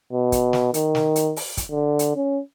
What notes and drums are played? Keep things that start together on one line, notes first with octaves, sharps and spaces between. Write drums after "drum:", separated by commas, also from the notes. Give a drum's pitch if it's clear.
B2
drum: kick, hi-hat
drum: snare
D#3, drum: hi-hat
drum: snare
drum: hi-hat
drum: open hi-hat
drum: kick, hi-hat
D3
drum: hi-hat
C#4